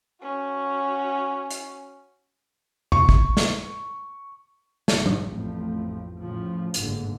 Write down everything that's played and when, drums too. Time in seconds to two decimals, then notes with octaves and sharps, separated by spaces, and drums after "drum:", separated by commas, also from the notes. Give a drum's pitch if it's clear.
0.22 C#4 F#4
1.51 drum: hi-hat
2.92 C#6, drum: tom E2
3.09 drum: kick
3.37 drum: snare
4.88 A1 G#2, drum: snare
5.06 drum: tom F#3
5.26 A1 F2 F3 A3 C4
6.18 A2 C#3 F3
6.74 G1 D#2 G#2 D3, drum: hi-hat